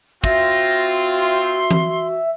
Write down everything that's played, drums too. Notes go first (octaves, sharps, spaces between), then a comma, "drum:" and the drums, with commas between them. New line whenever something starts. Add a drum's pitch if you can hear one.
C4 F4 F#4 E5 A#6, drum: kick
C6
drum: tom E3